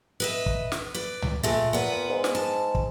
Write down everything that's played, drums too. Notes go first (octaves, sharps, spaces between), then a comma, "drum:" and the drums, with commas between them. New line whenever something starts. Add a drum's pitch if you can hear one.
B4 D#5 E5
drum: kick
drum: snare
B4 D5
drum: tom C#2
A#2 G#3 A3
A#2 B3 B4
G#2
drum: snare
A5
drum: kick